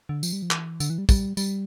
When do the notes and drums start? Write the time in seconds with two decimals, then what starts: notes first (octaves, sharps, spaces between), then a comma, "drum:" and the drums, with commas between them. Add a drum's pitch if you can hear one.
0.09 D3
0.23 F3, drum: tambourine
0.33 G3
0.42 F3
0.51 E3, drum: clap
0.80 D3, drum: tambourine
0.90 E3
0.98 G3
1.09 G3, drum: kick, tambourine
1.37 G3, drum: tambourine